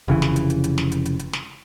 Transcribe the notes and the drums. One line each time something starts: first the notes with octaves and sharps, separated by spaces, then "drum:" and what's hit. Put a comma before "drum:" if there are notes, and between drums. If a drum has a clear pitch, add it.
F1 C#3 E3
drum: snare
drum: hi-hat
drum: hi-hat
drum: hi-hat
drum: snare
drum: hi-hat
drum: hi-hat
drum: hi-hat
drum: snare